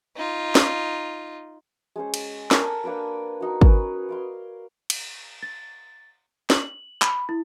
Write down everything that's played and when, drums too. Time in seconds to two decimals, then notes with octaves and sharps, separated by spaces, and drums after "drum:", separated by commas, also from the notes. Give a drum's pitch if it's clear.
0.16 D#4 F4
0.55 drum: snare
1.96 G#3 C#4 C5
2.14 drum: cymbal
2.51 A4 A#4 F#5 G#5, drum: snare
2.84 A#3 D4 B4 D5
3.41 D#4 F#4
3.61 C#4 A#4 B4, drum: kick
4.09 D5 F5 C6
4.90 drum: cymbal
5.42 A6
6.50 F#7, drum: snare
7.02 B5, drum: clap
7.29 E4